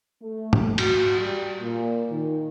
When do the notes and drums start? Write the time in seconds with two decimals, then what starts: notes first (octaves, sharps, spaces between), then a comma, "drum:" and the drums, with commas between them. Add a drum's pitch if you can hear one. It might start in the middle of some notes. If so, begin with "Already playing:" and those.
0.22 A3
0.53 drum: tom G#2
0.78 F#4, drum: cymbal
1.20 G3
1.60 A#2
2.11 D#3